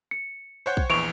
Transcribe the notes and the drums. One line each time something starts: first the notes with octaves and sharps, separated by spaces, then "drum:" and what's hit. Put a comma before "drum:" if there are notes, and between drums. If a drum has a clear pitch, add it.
C#7
C#4 C5 C#5 F#5 G5
drum: kick
A#1 E2 C3 E3 G#3 C#6 D7 F7